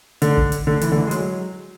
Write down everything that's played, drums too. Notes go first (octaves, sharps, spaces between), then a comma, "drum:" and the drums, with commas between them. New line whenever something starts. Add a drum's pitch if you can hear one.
D3, drum: hi-hat
drum: kick
drum: hi-hat
D3
E3, drum: hi-hat
D3
E3
G#3
F#3, drum: hi-hat